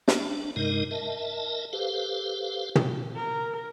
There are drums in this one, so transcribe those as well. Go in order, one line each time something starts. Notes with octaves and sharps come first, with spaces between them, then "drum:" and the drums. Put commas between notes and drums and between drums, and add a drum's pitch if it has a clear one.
D4, drum: snare
G2 C3 G#3 D#4 A#4 D#5
A#4 D#5 E5 A5
G4 A4 B4 C5 F5
drum: tom
A#4